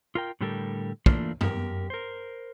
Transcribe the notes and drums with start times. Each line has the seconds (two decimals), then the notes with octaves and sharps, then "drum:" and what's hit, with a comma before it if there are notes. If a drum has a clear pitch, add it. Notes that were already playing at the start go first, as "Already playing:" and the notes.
0.15 F4 A#4 G5
0.41 A2 D3 G3 G4 A4 A#4
1.06 E3 A3 A#3 D4 F4, drum: kick
1.41 F#2 G4 A#4, drum: tom G2
1.90 A#4 C5